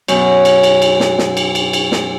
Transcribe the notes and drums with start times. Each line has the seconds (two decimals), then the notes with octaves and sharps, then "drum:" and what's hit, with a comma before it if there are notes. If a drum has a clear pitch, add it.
0.08 F#2 B2, drum: cymbal
0.45 drum: cymbal
0.63 drum: cymbal
0.82 drum: cymbal
1.00 drum: snare
1.18 drum: snare
1.37 drum: cymbal
1.55 drum: cymbal
1.73 drum: cymbal
1.92 drum: snare